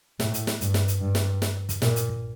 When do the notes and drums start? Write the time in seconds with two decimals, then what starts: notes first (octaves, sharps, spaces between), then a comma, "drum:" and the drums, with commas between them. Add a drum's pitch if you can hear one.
0.20 A2, drum: snare
0.34 drum: hi-hat
0.47 drum: snare
0.61 G2, drum: hi-hat
0.74 drum: snare
0.88 drum: hi-hat
1.01 G2
1.15 drum: snare
1.42 drum: snare
1.69 drum: kick, hi-hat
1.82 A#2, drum: snare
1.96 drum: hi-hat
2.09 drum: kick